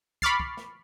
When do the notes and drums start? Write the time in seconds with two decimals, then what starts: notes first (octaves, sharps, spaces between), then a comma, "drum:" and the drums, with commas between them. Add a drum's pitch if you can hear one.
0.22 B5 C#6 D6 F6 A6 C7, drum: kick
0.40 drum: kick
0.57 drum: snare